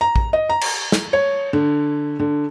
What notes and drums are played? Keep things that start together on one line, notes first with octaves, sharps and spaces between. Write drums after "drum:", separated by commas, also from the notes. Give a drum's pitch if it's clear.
A#5
drum: kick
D#5
A#5
drum: cymbal
drum: snare
C#5
D3
D3